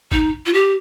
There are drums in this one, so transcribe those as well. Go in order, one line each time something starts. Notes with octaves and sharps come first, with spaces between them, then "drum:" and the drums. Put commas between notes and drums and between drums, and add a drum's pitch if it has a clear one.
D#4, drum: kick
F4
G4